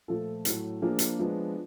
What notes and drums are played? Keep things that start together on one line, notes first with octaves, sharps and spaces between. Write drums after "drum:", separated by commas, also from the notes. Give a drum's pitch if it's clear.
A#2 F3 A3 A4
A2 F#3 A3, drum: hi-hat
F3 A#3 D4 G#4
drum: hi-hat
F3 G#3 B3 D4